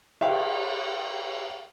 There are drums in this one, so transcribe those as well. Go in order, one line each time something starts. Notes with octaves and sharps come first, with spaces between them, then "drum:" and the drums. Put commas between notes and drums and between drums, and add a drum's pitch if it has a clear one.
E5 F5 G5, drum: cymbal